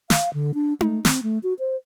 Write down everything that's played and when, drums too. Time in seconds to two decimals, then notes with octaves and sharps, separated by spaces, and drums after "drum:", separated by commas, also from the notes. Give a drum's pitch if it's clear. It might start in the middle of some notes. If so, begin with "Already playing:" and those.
0.10 F5, drum: snare
0.34 D3
0.54 D4
0.81 A3, drum: tom D#4
1.05 C4, drum: snare
1.23 A3
1.43 F#4
1.59 C5